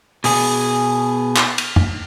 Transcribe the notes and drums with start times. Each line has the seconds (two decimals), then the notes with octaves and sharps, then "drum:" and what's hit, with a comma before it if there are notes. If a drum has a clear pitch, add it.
0.24 B2 G#4, drum: open hi-hat
1.37 drum: clap
1.58 drum: cymbal
1.76 drum: tom